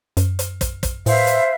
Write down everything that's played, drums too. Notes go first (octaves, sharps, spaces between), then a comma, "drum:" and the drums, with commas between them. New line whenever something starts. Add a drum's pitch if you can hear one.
F#2, drum: hi-hat
drum: hi-hat
drum: kick, hi-hat
drum: kick, hi-hat
A2 B4 C5 E5 F5, drum: open hi-hat
drum: hi-hat